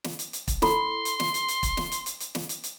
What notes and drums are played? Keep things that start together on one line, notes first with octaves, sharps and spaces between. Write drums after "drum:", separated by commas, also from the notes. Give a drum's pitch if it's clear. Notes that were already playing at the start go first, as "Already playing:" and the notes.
drum: snare
drum: hi-hat
drum: hi-hat
drum: kick, hi-hat
E4 A4 B5 C6, drum: snare
drum: hi-hat
drum: snare
drum: hi-hat
drum: hi-hat
drum: kick, hi-hat
drum: snare
drum: hi-hat
drum: hi-hat
drum: hi-hat
drum: snare
drum: hi-hat
drum: hi-hat